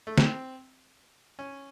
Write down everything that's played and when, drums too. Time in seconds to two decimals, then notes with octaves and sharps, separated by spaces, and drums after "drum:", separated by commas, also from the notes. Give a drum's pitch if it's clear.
0.07 A3
0.18 C4, drum: snare
1.39 C#4